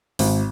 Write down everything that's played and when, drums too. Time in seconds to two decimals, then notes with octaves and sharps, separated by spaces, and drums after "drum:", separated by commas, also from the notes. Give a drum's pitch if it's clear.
0.19 G#1, drum: open hi-hat